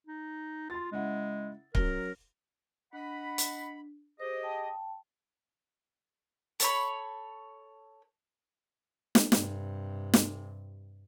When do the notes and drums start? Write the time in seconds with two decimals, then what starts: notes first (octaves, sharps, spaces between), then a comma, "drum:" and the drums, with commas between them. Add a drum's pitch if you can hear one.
0.07 D#4
0.70 F4 C6 A6
0.92 C#3 G#3 E4 F#5
1.75 F#3 C#4 A#4 G7, drum: kick C#1
2.93 D4 D#5 F#5 B5
3.38 drum: hi-hat
4.20 G4 G#4 C5 D#5
4.43 G5 A5
6.60 A4 C#5 B5, drum: hi-hat
9.15 drum: snare
9.32 G2 C3, drum: snare
10.14 drum: snare